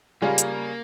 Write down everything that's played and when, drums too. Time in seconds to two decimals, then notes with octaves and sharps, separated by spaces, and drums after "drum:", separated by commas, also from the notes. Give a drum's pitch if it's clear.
0.22 C#3 G3 A#3 C#4 F4
0.38 drum: hi-hat